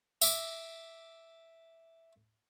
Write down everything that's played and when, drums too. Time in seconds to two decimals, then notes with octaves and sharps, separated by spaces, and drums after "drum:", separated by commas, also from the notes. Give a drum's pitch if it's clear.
0.22 E5 D6, drum: tambourine